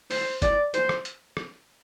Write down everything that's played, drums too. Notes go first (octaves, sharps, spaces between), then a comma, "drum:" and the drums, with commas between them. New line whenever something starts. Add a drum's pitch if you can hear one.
C5, drum: open hi-hat
D5, drum: kick, hi-hat
C5, drum: hi-hat
drum: rim click
drum: hi-hat
drum: rim click